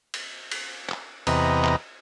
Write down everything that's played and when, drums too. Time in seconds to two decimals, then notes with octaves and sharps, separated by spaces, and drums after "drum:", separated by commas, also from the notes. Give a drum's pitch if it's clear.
0.14 drum: cymbal
0.51 drum: cymbal
0.89 drum: clap
1.27 E2 C3 B4 D#5 A#5, drum: cymbal
1.65 drum: clap